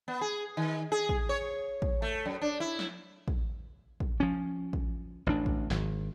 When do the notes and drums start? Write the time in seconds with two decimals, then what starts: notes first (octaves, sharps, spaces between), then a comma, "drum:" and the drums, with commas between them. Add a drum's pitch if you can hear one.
0.08 B3
0.21 G#4
0.57 D#3
0.92 G#4
1.09 drum: kick
1.29 C#5
1.82 drum: kick
2.02 A3
2.26 F#2
2.41 D4
2.60 E4
2.79 drum: snare
3.28 drum: kick
4.00 drum: kick
4.20 F3 C#4
4.73 drum: kick
5.27 A1 D2 D4
5.46 drum: kick
5.70 G#1, drum: snare